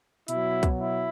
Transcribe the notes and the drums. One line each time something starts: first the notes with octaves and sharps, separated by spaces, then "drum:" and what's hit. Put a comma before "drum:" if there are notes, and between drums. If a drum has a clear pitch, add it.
B2 F#3 E4, drum: hi-hat
drum: kick C2, hi-hat
E4